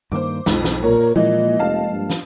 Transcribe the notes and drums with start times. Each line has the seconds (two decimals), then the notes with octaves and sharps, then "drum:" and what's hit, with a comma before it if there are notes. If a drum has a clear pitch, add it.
0.12 G2 D#3 A#3 C5 D6
0.46 B1 F2 G#2 F4, drum: snare
0.64 drum: snare
0.83 A#2 A#4 C#5 A#5
1.16 A#2 E3 F3 G#3 A#3 D#5
1.59 F1 F5 A5
1.91 G2
2.10 drum: snare